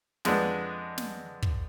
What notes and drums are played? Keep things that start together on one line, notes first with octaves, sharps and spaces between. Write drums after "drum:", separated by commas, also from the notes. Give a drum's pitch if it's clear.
F2 G#3 B3 D4, drum: snare
drum: snare
drum: kick